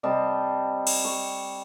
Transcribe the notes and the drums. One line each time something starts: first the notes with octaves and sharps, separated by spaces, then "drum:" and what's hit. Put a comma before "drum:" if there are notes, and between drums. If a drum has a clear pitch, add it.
C3 G3 D#5 A5
drum: cymbal
C#6